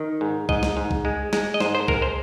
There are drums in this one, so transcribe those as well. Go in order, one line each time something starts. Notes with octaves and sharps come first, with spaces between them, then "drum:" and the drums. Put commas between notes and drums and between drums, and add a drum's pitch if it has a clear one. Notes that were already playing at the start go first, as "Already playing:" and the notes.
Already playing: D#3
G#2
G#2 D#5, drum: kick
drum: snare
G#2
drum: kick
G#3
G#3, drum: snare
D#5
G#2 C5, drum: snare
C5
G#3 A#4, drum: kick
C5